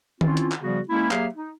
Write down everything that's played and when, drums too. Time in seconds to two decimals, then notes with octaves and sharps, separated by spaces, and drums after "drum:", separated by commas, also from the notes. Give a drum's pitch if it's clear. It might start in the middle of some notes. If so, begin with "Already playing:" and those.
0.21 C4 C#4 E4 F4, drum: tom D#3
0.37 drum: hi-hat
0.52 drum: clap
0.61 C#3 F3 G3 B3 F#4 G#4
0.89 G#3 A#3 C#4 E4
1.11 F#3 A#3 G4 G#4 E5 F5, drum: clap
1.34 D#4